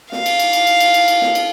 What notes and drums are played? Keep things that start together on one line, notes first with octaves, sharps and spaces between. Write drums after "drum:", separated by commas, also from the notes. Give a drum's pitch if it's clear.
F5, drum: snare
drum: cymbal
drum: cymbal
drum: cymbal
drum: cymbal
drum: cymbal
drum: cymbal
drum: cymbal
drum: snare
drum: cymbal